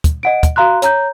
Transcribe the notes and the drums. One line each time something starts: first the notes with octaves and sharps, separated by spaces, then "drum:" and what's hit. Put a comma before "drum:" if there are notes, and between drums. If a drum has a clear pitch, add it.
drum: kick, hi-hat
D#5 F#5 D7
drum: kick, hi-hat
F#4 F5 A#5 C6 F#6
C#5 A#5 G6, drum: hi-hat